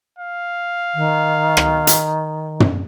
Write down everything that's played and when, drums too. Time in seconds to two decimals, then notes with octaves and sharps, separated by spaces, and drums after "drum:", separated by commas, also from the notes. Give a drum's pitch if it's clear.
0.18 F5
0.94 D#3
1.57 drum: rim click
1.87 drum: hi-hat
2.60 drum: tom